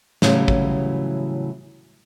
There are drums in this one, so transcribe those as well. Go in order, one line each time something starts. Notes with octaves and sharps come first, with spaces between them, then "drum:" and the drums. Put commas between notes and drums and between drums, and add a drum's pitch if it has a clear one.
A2 C#3 E3 F#3 G3, drum: snare
drum: kick